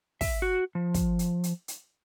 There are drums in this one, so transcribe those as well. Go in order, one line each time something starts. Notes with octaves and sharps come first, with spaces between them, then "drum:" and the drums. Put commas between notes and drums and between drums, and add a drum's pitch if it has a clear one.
E5, drum: kick, open hi-hat
F#4
F3
drum: kick, hi-hat
drum: hi-hat
drum: hi-hat
drum: hi-hat